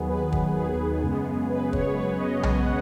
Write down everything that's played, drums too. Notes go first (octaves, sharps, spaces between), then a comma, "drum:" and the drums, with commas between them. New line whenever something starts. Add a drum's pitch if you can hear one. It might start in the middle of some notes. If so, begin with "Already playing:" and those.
Already playing: D#2 D#3 F#3 B3 G#4
B4
drum: kick
G#4
F#2 C#3 G#3 B3
B4
C#5, drum: kick
B4
D#5
D#5, drum: tom B1
F#5